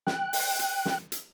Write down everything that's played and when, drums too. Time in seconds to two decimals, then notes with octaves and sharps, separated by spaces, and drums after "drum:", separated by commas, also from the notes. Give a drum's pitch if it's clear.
0.07 G5 F#6, drum: snare
0.33 drum: open hi-hat
0.59 drum: hi-hat
0.85 drum: snare
1.12 drum: hi-hat